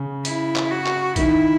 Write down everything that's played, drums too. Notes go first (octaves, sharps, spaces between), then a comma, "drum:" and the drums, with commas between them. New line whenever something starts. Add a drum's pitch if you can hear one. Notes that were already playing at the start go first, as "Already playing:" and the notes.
Already playing: C#3
E4, drum: hi-hat
drum: clap
F#4
drum: clap
D#3 E4, drum: kick, hi-hat